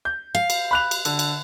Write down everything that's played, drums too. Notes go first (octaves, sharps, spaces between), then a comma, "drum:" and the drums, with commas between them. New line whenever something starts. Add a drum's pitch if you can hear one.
G6
F5
drum: cymbal
B5 F#6 F7
drum: cymbal
D3, drum: cymbal
drum: cymbal